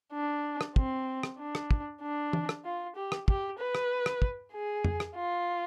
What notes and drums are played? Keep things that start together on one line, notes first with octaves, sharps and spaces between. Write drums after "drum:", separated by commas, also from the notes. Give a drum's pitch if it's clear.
D4
drum: rim click
C4, drum: kick
drum: rim click
D4
drum: rim click
drum: kick
D4
drum: tom
drum: rim click
F4
G4
drum: rim click
G4, drum: kick
B4
drum: rim click
drum: rim click
drum: kick
G#4
drum: tom F2
drum: rim click
F4